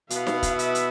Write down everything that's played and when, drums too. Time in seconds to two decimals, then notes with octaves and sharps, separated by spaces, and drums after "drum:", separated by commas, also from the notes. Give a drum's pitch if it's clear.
0.10 B2 B3 E4 F5, drum: hi-hat
0.27 drum: snare D#4
0.43 drum: kick, hi-hat
0.59 E5, drum: hi-hat
0.75 drum: hi-hat